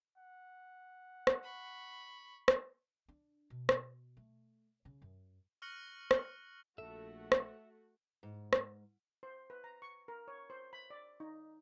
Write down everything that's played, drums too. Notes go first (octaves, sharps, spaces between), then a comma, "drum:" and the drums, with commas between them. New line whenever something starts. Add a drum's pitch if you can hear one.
F#5
drum: rim click
B5 C#6
drum: rim click
D4
B2
drum: rim click
A3
C#3
F#2
C#6 F6 F#6 A#6 C#7 F#7
drum: rim click
A#1 A3 F#4 A4 E5
drum: rim click
G#2
drum: rim click
C5
B4
A#5
C#6
A#4
C#5
C5
B5
D5
D#4